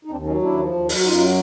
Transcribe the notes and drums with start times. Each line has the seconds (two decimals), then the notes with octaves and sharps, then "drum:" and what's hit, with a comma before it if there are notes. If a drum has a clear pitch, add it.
0.05 D#4
0.11 D#2 C4 D4
0.26 F#3 C#4 D#4
0.42 D#2 D4 E4
0.58 F3
0.73 D#2
0.89 F#3, drum: open hi-hat
0.99 F#4
1.04 F#2 D#4 F4
1.19 F#3